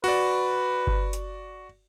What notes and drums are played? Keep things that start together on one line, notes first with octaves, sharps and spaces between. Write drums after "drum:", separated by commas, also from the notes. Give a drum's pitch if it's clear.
F#4 B4 D5, drum: cymbal
drum: kick G1
drum: hi-hat